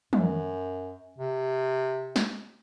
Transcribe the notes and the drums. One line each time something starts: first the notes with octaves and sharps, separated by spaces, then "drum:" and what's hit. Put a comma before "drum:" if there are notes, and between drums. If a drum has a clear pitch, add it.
F#2, drum: tom
C3
drum: snare